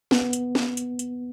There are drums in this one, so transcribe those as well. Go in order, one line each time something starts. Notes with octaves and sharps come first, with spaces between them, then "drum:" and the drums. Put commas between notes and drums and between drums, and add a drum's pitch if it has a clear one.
B3, drum: snare
drum: hi-hat
drum: snare
drum: hi-hat
drum: hi-hat